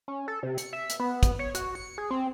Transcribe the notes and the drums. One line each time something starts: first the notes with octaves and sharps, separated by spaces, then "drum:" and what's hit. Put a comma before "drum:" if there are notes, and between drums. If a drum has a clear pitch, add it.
C#4
A4
C3
C#7, drum: hi-hat
E5
drum: hi-hat
B3
drum: kick, hi-hat
C#5
F#4, drum: hi-hat
C#7
G#4
C4